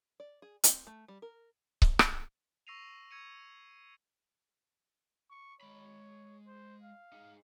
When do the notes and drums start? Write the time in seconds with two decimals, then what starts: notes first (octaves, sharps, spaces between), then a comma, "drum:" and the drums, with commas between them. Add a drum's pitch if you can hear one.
0.20 D5
0.42 G#4
0.64 C4, drum: hi-hat
0.87 A3
1.08 G3
1.22 A#4
1.82 drum: kick C#1
1.99 drum: rim click
2.67 C#6 E6 A#6 C7 D#7 F7
3.11 C#6 E6 G#6 C#7 D#7
5.30 C#6
5.61 G#3 C#5 B5
6.47 C5
6.82 F5
7.12 D#4 G#4